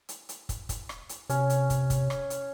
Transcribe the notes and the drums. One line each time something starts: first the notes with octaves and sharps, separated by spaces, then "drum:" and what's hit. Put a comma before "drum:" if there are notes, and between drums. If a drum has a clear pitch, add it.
drum: hi-hat
drum: hi-hat
drum: kick, hi-hat
drum: kick, hi-hat
drum: rim click
drum: hi-hat
C3 C#4, drum: hi-hat
drum: hi-hat
drum: kick, hi-hat
drum: kick, hi-hat
drum: rim click
drum: hi-hat